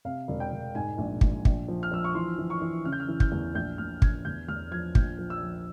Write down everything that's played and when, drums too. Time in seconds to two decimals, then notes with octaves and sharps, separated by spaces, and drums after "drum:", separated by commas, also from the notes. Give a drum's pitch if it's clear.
0.05 C3 F5
0.28 E1
0.40 G5
0.52 E1
0.75 G#2 G#5
0.98 A#1
1.21 A#1, drum: kick
1.45 A#1, drum: kick
1.68 F3
1.83 F6
1.91 F3 E6
2.04 C#6
2.15 E3 C6
2.38 E3
2.50 C#6
2.61 E3
2.85 C#3 F6
2.92 G6
3.00 F6
3.08 E3
3.20 G6, drum: kick
3.32 E2
3.55 A#1 G6
3.78 A#1 F6
4.02 A#1 G#6, drum: kick
4.25 E2 G6
4.48 E2 F6
4.71 F3 G#6
4.95 A#1 G6, drum: kick
5.19 F3
5.30 E6
5.42 F3